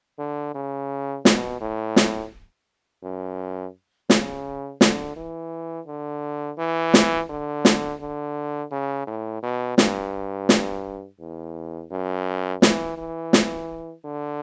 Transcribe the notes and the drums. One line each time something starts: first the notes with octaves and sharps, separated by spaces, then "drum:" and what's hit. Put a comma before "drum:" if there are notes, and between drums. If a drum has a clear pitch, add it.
D3
C#3
B2, drum: snare
A2
drum: snare
F#2
C#3, drum: snare
D3, drum: snare
E3
D3
E3
drum: snare
D3
drum: snare
D3
C#3
A2
B2
G2, drum: snare
drum: snare
E2
F#2
E3, drum: snare
E3
drum: snare
D3